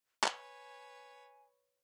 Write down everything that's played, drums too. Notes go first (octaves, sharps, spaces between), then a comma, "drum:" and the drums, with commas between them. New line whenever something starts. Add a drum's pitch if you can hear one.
B4 C#5 G#5, drum: clap